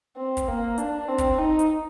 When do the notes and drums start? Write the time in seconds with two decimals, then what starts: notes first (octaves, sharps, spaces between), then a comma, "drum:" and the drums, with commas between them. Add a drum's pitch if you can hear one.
0.17 C4
0.37 drum: kick, hi-hat
0.48 A#3
0.78 D4, drum: hi-hat
1.08 C4
1.18 drum: kick, hi-hat
1.39 D#4
1.59 drum: hi-hat